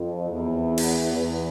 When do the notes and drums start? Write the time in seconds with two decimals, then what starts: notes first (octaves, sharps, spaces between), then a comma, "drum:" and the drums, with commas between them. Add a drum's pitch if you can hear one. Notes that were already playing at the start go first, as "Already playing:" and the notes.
Already playing: F2
0.30 E2
0.78 drum: cymbal
1.11 E2